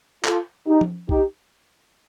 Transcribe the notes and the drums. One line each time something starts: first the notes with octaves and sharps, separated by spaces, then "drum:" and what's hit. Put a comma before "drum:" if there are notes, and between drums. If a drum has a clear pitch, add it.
F4 A4, drum: clap
D#4 G4
drum: tom F3
D#4 G4, drum: kick